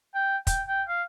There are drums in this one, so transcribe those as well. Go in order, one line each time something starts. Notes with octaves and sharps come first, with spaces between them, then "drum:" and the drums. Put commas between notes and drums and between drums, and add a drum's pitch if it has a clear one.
G5
G5, drum: kick, hi-hat
G5
F5